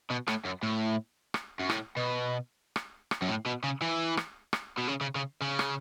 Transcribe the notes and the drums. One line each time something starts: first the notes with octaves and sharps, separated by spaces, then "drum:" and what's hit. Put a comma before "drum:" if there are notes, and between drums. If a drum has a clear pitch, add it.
B2
A2, drum: rim click
F#2
A2
drum: rim click
F#2
A2, drum: rim click
B2
drum: rim click
drum: rim click
F#2
A2
B2
C#3
E3
drum: rim click
drum: rim click
B2
C#3
C#3
C#3
C#3
drum: rim click